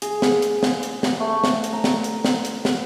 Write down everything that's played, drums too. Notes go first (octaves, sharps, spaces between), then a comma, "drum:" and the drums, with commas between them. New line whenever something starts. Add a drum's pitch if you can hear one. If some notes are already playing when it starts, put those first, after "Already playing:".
G#4, drum: hi-hat
drum: snare
drum: hi-hat
drum: snare
drum: hi-hat
drum: snare
A3
drum: snare
drum: hi-hat
A#5
drum: snare
drum: hi-hat
drum: snare
drum: hi-hat
drum: snare